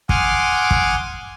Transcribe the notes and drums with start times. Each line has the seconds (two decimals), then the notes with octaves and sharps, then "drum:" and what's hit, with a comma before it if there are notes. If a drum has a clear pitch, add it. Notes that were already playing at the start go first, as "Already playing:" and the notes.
0.09 F#5 G#5 C6 D6 D#6 F6, drum: kick
0.71 drum: kick